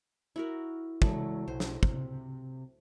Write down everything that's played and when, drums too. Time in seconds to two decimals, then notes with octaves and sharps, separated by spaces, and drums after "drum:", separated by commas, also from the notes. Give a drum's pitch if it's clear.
0.36 E4 F#4 A#4
1.02 E3 F#3 G#3 A3 E4, drum: kick
1.48 B1 C5
1.60 drum: snare
1.83 C3, drum: kick